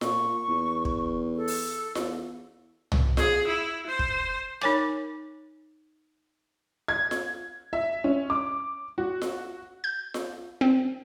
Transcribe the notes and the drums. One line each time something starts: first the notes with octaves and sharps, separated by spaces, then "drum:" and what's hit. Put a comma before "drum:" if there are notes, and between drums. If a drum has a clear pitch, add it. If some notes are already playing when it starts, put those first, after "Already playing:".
A#2 C#6, drum: snare F4
E2
drum: kick
A4
drum: open hi-hat
E2, drum: snare F4
drum: tom
G#4, drum: snare F4
E4
C5
drum: kick
D#4 A#4 C#5 G#5 D6, drum: rim click
G#6
drum: snare F4
E5
C#4
D6
F#4
drum: snare F4
G6
drum: snare F4
C4